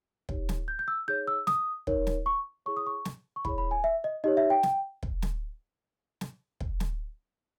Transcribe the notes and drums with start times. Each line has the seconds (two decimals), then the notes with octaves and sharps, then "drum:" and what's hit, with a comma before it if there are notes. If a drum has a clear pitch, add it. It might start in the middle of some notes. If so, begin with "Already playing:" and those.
0.29 D#4 G4 C#5, drum: kick
0.49 drum: snare
0.68 G6
0.79 G6
0.88 E6
1.08 D#4 G#4 C#5 G6
1.27 E6
1.47 D#6, drum: snare
1.87 D#4 A#4 C#5, drum: kick
2.07 drum: snare
2.26 C#6
2.66 E4 G#4 C#5 C#6
2.77 D#6
2.86 C#6
3.05 drum: snare
3.36 C#6
3.45 E4 G#4 C#5 B5, drum: kick
3.58 B5
3.71 G#5
3.84 E5
4.04 D#5
4.24 D#4 G4 C#5 D#5
4.37 E5
4.50 G5
4.63 drum: snare
5.03 drum: kick
5.22 drum: snare
6.21 drum: snare
6.60 drum: kick
6.80 drum: snare